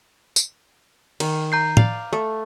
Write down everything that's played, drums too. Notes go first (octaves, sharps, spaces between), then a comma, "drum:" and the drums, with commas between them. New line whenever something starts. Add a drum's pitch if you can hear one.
drum: tambourine
D#3, drum: cymbal
A#5 G6 C7
D5 F5, drum: tom
A3